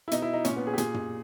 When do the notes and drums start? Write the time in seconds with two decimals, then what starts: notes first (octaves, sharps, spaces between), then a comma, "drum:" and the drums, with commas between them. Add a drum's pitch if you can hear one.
0.08 E4
0.11 B2 D#4, drum: hi-hat
0.22 E4
0.34 D#4
0.45 A#2 C#4, drum: hi-hat
0.56 B3
0.67 G#4
0.74 G4
0.78 A#2 G#4, drum: hi-hat
0.94 drum: tom